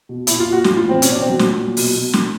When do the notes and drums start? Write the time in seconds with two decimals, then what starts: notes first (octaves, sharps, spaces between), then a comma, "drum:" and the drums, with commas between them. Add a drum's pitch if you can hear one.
0.09 B2
0.27 A#2 E4, drum: hi-hat
0.40 F4
0.46 A#2
0.52 F#4
0.64 A2 F4, drum: snare
0.76 F4
0.84 E3
0.89 C4
1.02 B2 C#4, drum: hi-hat
1.12 D4
1.20 B2 C4
1.29 F#3
1.39 A#2, drum: snare
1.57 A#2
1.77 B2, drum: open hi-hat
1.95 B2
2.13 A2, drum: snare